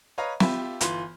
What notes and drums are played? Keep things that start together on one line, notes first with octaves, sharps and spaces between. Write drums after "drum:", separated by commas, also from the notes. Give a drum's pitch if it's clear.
B4 C#5 D#5 F5 A#5
F4 G4 E5 B5, drum: snare
G1 E3 F4 C6, drum: hi-hat